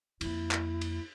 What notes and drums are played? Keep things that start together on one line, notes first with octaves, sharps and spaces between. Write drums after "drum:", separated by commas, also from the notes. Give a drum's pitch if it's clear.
F2 A#3 E4, drum: cymbal
drum: clap
drum: cymbal